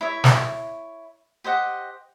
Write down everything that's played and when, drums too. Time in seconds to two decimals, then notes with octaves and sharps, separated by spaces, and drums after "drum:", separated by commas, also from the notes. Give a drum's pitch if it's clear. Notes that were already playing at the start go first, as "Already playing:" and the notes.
0.01 E4 C#5 E5
0.24 drum: snare
1.44 G4 C5 D#5 F#5